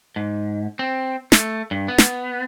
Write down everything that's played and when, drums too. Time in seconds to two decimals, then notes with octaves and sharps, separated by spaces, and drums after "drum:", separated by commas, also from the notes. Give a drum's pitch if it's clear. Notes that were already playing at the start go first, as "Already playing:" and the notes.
0.16 G#2
0.79 C4
1.32 A3, drum: snare
1.71 G2
1.88 B3
1.98 drum: snare